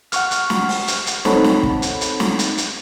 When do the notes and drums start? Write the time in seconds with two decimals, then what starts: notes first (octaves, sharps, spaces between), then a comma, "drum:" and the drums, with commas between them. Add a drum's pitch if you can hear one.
0.12 F#5 C#6 F6, drum: hi-hat
0.31 drum: hi-hat
0.50 drum: snare
0.69 drum: open hi-hat
0.88 drum: hi-hat
1.07 drum: hi-hat
1.25 C4 D#4 A4 C#5 F#5 B5, drum: snare
1.44 drum: snare
1.63 drum: kick
1.82 drum: hi-hat
2.01 drum: hi-hat
2.20 drum: snare
2.39 drum: hi-hat
2.58 drum: hi-hat